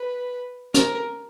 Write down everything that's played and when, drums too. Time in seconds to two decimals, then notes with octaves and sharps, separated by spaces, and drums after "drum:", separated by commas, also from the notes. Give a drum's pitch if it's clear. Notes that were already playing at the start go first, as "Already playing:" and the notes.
Already playing: B4
0.74 A#4, drum: hi-hat